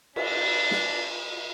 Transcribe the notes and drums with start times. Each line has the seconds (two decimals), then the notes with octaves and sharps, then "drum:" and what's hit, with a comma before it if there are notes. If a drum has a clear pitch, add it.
0.16 D4, drum: cymbal
0.71 drum: snare